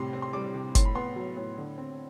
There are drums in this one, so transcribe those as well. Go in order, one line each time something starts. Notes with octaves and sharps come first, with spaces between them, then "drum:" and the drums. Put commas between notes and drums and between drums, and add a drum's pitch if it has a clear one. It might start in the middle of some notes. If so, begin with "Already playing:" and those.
Already playing: A2 C3 G3 C6
C4
C6
G3 D6
C3
A2 C6, drum: kick F#1, hi-hat
B5
B3 C6
F#3
A2
D3
C4